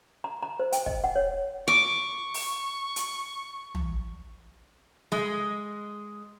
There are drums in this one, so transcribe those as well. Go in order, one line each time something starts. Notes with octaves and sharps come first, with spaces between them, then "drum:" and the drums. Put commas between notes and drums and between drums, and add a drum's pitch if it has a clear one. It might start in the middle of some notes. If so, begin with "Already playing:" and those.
A#5
A#5
C5
G5, drum: hi-hat
D#5, drum: kick
F#5
C#5
C#6 D6
drum: open hi-hat
drum: hi-hat
drum: tom
G#3, drum: snare